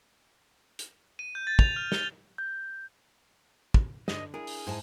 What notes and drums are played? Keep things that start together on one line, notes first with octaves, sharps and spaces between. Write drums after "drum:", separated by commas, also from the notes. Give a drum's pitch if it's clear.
drum: hi-hat
D#7
G6
A6
F7, drum: kick
F6
G7, drum: snare
G6
drum: kick
G2 D3 D#5, drum: snare
D4 E4 G#4 A#4
drum: open hi-hat
G#2 E4 G#5 A5